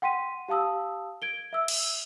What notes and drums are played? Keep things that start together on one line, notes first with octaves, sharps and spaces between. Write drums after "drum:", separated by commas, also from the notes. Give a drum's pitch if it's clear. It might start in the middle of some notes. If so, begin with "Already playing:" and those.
F#5 G5 C6 B6 D#7
G4 F5 A5 D#6 E6
G#6 D7 G7
E5 E6
drum: cymbal